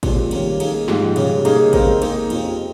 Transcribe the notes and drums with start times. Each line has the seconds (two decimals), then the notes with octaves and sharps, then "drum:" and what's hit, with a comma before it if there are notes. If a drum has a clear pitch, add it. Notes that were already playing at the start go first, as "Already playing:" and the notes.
0.03 A#2 F3 G#3 C4 G4, drum: kick A1, cymbal
0.31 C3 D#3 G3 A#3 C#4, drum: cymbal
0.60 A#3 D#4 G#4, drum: cymbal
0.88 G#2 F3 G#3 D#4 G4, drum: snare
1.16 C#3 G3 C#4, drum: cymbal
1.45 C#3 G3 A#3 D#4 G#4, drum: cymbal
1.73 G#3 C4 D#4 A#4, drum: kick A1, cymbal
2.02 A#3 D#4 G#4, drum: cymbal
2.30 F2 C3 F3 C4, drum: cymbal